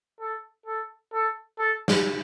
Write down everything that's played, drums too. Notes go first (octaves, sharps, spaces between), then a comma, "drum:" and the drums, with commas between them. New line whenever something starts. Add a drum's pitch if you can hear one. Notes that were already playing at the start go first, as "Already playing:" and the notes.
A4
A4
A4
A4
drum: snare